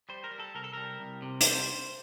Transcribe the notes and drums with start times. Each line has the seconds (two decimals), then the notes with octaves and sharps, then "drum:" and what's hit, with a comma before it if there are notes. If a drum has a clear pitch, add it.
0.09 G3 C5
0.24 A#4
0.31 G3
0.40 A4
0.55 C2 A#4
0.64 A4
0.73 G3 A#4
1.00 C2
1.22 C3
1.41 D5, drum: hi-hat
1.45 G3 C5